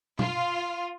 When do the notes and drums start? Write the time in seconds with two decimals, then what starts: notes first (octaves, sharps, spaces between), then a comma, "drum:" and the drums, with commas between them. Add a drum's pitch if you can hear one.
0.19 F4, drum: tom B2